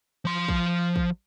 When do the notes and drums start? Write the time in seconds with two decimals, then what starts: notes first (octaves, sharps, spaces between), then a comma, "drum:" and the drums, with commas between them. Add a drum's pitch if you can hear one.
0.25 F3 C6
0.48 drum: kick
0.96 drum: kick